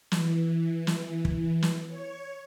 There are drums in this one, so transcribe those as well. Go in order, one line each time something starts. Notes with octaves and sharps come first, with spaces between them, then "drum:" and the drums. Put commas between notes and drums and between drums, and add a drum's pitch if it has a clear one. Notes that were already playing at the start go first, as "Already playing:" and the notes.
E3, drum: snare
drum: snare
drum: kick
drum: snare
C#5